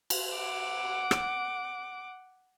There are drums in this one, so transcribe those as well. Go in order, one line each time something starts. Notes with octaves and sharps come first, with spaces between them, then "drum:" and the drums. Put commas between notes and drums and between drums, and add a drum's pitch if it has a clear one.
drum: cymbal
F#5 D6
drum: rim click